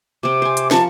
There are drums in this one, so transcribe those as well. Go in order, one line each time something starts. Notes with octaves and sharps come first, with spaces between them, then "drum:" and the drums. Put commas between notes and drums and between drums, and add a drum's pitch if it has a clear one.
C3 C4 D6
C5 G#5
drum: hi-hat
F3 A#4 A5 C#6, drum: snare